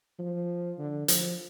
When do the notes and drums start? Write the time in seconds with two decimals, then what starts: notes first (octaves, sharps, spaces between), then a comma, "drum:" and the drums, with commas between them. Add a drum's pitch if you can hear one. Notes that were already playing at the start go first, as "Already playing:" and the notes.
0.19 F3
0.79 D3
1.08 F3, drum: hi-hat